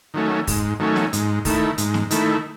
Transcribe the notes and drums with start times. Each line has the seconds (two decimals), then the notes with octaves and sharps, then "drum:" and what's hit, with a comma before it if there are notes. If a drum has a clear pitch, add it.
0.14 D#3 F#3 A3 C#4
0.47 G#2, drum: kick, open hi-hat
0.80 D#3 F#3 A3 C#4
0.96 drum: snare
1.13 G#2, drum: hi-hat
1.45 D#3 A3 E4, drum: kick, open hi-hat
1.78 G#2, drum: hi-hat
1.94 drum: snare
2.11 D#3 A3 E4, drum: hi-hat